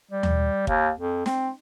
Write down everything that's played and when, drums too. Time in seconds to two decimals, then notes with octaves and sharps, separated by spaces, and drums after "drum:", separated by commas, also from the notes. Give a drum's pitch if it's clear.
0.11 G3
0.23 drum: tom D#2
0.67 D#2, drum: kick
0.99 F2
1.26 C4, drum: snare